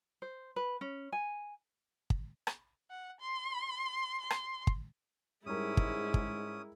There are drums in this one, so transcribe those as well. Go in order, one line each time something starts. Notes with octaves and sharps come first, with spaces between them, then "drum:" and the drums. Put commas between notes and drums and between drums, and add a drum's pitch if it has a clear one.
C5
B4
C#4
G#5
drum: kick
drum: rim click
F#5
C6
C6
drum: rim click
drum: kick
G#2 G3 G#3 C#4 E4 A#4 D#6
drum: kick
drum: kick